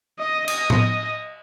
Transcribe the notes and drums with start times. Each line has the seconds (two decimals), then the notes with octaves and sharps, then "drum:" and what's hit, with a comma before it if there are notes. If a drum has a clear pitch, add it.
0.20 D#5
0.48 D#5, drum: cymbal
0.70 drum: tom